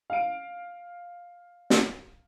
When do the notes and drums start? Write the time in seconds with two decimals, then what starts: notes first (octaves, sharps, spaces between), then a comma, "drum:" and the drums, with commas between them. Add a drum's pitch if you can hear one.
0.10 F5 D7
1.70 drum: snare